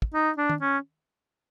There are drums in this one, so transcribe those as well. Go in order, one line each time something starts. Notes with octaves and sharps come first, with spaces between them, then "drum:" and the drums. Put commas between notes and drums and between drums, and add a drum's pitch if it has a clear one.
drum: kick
D#4
D4
drum: tom D#3
C#4